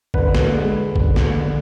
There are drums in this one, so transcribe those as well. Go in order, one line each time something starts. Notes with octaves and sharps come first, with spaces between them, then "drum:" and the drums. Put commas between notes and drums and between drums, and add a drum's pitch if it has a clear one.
D3 B4, drum: kick
drum: snare
G#3
D3, drum: kick
drum: snare
D3